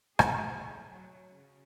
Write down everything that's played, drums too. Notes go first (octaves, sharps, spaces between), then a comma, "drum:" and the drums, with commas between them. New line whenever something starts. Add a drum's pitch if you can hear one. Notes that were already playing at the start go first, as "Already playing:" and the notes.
G#4, drum: rim click
A3
F#3
C#3